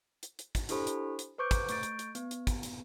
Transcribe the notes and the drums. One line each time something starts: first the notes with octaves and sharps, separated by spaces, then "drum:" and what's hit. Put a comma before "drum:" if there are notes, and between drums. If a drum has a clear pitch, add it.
drum: hi-hat
drum: hi-hat
drum: kick, hi-hat
D4 E4 G4 A4 C5 B5, drum: hi-hat
drum: hi-hat
drum: hi-hat
B4 C5 C#6 D6 G6 D7
drum: kick, hi-hat
A3 C#6 G6 A6 D7, drum: hi-hat
drum: hi-hat
drum: hi-hat
B3, drum: hi-hat
drum: hi-hat
drum: kick, hi-hat
drum: hi-hat